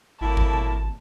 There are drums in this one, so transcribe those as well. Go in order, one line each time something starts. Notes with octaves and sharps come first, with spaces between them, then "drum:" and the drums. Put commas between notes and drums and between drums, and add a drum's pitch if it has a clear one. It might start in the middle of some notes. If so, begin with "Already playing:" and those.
G#1 A2 A#3 E4 A5
drum: kick
drum: tom A#2